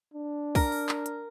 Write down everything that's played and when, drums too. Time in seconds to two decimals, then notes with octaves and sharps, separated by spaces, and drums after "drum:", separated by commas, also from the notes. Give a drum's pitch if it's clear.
0.14 D4
0.55 A#4, drum: kick, open hi-hat
0.72 drum: open hi-hat
0.89 drum: clap
1.06 drum: hi-hat